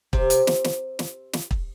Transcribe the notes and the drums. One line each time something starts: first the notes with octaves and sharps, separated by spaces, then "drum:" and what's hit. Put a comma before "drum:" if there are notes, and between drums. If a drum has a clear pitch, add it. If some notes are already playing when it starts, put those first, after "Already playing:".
C3, drum: kick
drum: hi-hat
drum: snare
drum: snare
drum: snare
drum: snare
drum: kick